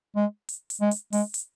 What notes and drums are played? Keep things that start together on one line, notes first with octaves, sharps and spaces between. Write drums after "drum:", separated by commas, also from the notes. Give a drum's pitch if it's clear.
G#3
drum: hi-hat
drum: hi-hat
G#3
drum: hi-hat
G#3, drum: open hi-hat
drum: hi-hat